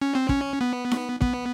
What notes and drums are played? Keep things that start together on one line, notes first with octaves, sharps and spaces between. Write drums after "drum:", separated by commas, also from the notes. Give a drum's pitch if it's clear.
C#4
C4
C#4, drum: kick
B3
drum: snare D#4
B3, drum: kick